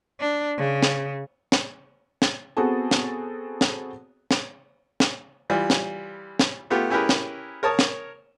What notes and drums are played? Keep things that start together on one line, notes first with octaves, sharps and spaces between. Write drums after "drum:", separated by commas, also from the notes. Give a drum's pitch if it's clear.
D4
C#3
drum: snare
drum: snare
drum: snare
B3 C4 F#4 G#4 A4 A5
drum: snare
drum: snare
drum: snare
drum: snare
E3 G3 F4
drum: snare
drum: snare
A3 B3 F4 G4
C#4 E4 G4 G#4 A#4 B4
drum: snare
A#4 C#5 A5 D#6
drum: snare